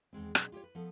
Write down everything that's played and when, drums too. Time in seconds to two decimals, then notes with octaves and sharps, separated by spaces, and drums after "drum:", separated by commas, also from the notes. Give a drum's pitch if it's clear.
0.13 E2 D#3 G#3 C4
0.35 B2 F#3 C4 D4 G#4, drum: rim click
0.52 F4 G4 A4 C#5
0.63 B4
0.75 F3 B3 A4